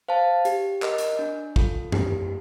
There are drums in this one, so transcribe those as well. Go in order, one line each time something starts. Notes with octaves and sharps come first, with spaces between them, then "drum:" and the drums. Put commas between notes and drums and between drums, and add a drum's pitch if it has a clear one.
C5 F5 A5
G4, drum: hi-hat
A#4 D#5, drum: clap
drum: hi-hat
D4
F4 A4, drum: kick
G4, drum: tom F#2